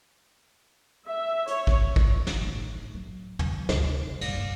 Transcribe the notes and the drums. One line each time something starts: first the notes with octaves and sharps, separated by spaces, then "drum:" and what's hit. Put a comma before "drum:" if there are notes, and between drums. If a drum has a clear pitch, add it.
E5
C#5, drum: hi-hat
drum: kick
drum: kick
drum: snare
A2 D#3
F#3
D#3 F#3, drum: tom
D2 C3, drum: snare
A#1 G2, drum: cymbal
G2